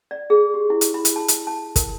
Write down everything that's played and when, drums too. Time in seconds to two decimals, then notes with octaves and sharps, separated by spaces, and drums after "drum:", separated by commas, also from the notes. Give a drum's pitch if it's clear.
0.11 D5
0.30 G#4
0.54 G4
0.70 E4
0.81 drum: hi-hat
0.94 B5
1.05 drum: hi-hat
1.16 A5
1.28 drum: hi-hat
1.47 A5
1.76 A#4, drum: kick, hi-hat